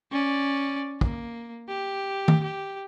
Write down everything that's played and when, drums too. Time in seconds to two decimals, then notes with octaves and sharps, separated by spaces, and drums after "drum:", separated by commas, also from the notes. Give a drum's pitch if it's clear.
0.12 C#4 D5
1.01 A#3, drum: kick
1.69 G4
2.28 drum: tom D#3
2.43 G4